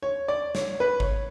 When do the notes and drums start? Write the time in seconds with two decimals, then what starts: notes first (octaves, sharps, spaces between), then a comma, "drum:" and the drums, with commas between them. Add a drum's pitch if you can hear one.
0.03 C#5
0.28 D5
0.55 C#5, drum: snare
0.80 B4
1.00 C#5, drum: kick G#1